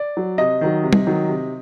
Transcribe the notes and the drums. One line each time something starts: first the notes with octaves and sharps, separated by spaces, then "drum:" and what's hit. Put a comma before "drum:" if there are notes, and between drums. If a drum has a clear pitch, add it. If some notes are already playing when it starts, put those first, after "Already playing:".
Already playing: D5
F#3
C3 D#5
D#3 F#3
C3
drum: tom G3
D#3 F#3
C3